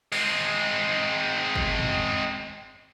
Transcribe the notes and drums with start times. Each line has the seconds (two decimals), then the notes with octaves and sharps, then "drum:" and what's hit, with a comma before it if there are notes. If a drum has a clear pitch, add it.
0.12 G#3 C4, drum: cymbal
1.56 drum: kick
1.79 drum: tom